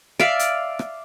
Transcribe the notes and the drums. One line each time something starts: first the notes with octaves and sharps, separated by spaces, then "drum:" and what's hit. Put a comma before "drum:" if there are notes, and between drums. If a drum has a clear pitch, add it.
D5 E5 F5, drum: rim click
drum: hi-hat
drum: rim click